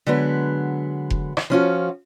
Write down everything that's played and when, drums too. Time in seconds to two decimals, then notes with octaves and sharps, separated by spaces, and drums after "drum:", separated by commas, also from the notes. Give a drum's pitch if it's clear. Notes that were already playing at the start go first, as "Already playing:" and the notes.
0.07 D3 F#3 G#3 B3 B4
1.10 drum: kick F1
1.37 drum: rim click
1.50 F3 C#4 F4 F#4